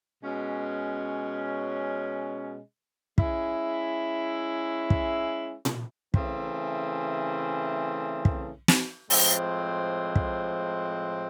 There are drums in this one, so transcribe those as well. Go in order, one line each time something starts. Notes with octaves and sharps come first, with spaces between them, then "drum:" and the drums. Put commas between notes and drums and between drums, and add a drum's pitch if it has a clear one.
B2 G#3 C#4
G#3 C#4 E4, drum: kick
drum: kick
drum: tom A#2
C#3 E3 A3 C4, drum: kick
drum: kick
drum: snare
A2 F3 G#3 C4, drum: open hi-hat
drum: kick